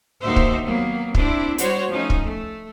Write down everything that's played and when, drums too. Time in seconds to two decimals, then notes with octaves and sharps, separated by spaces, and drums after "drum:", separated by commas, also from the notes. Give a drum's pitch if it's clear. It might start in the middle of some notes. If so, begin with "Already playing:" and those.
0.21 D#2 D3 D#4 F#4 C5 E5
0.36 drum: kick
0.65 F#3 A#3 B3
1.15 C4 D4 E4, drum: kick
1.58 G3 F#4 C5 C#5, drum: hi-hat
1.90 F3 A3 C#4 D#4
2.10 drum: kick
2.22 A3